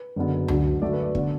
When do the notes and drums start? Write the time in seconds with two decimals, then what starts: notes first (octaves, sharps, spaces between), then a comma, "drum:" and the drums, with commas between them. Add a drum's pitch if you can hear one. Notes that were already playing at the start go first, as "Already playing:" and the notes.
Already playing: B4
0.16 F#1 F#2 D3 B3
0.48 D2 D3 F#3, drum: tom C#2
0.82 F#2 D3 A3 D5
0.93 B4
1.03 D5
1.15 D3 B3, drum: kick